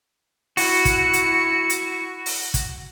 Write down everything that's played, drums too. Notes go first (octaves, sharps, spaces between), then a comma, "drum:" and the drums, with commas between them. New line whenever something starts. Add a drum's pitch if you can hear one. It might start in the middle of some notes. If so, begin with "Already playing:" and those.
E4 F#4 C#7, drum: open hi-hat
drum: kick, hi-hat
drum: hi-hat
drum: hi-hat
drum: open hi-hat
drum: kick, hi-hat